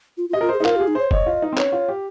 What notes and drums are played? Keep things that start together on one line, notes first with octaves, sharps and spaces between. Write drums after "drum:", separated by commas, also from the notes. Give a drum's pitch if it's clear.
F4
F4
G4 D#5
F4 A#4
G#4 C5
D#4 G#4
F4 A#4, drum: clap
G4
G#4
D#4
C5 C#5
C#5 D#5, drum: kick
F4
D#4
C4
C#4 C#5, drum: clap
F4
G4